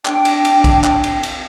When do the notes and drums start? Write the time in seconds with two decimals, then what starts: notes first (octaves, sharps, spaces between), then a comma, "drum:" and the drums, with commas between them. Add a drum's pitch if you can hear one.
0.05 D4 G5, drum: clap
0.25 drum: cymbal
0.45 drum: cymbal
0.64 drum: kick, cymbal
0.84 drum: clap
1.04 drum: cymbal
1.23 drum: cymbal